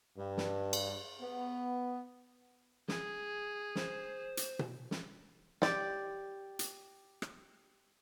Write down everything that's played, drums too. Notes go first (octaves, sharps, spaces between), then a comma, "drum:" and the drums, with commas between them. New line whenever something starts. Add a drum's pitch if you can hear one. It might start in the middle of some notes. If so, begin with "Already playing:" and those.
G2
drum: snare
drum: cymbal
B3
G#4, drum: snare
C5, drum: snare
drum: hi-hat
drum: tom B2
drum: snare
G4 D5, drum: snare
drum: hi-hat
drum: rim click